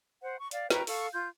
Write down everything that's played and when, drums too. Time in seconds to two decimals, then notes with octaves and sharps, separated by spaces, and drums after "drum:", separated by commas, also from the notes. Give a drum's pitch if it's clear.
0.21 C5 F#5
0.39 C#6
0.51 D5 F5, drum: hi-hat
0.70 B4 G5 A#5 C#6, drum: snare
0.87 A4 F5 C#6, drum: open hi-hat
1.13 F4 G6